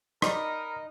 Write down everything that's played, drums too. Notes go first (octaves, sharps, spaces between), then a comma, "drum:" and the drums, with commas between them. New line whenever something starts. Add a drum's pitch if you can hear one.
D#4 A#4 D5 B5 D#6, drum: rim click